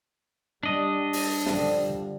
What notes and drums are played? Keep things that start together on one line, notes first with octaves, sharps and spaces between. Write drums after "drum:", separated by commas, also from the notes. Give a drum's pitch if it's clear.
G3 D4 D#5
drum: open hi-hat
D3 F3 G3, drum: snare